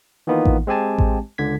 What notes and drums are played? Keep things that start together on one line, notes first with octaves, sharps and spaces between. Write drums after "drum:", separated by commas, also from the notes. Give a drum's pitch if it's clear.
D#3 E3 A#3 B3 D#4 F4
drum: kick A1
G#3 C4 G4 G#5 A5
drum: kick A1
C#2 D3 G#6 B6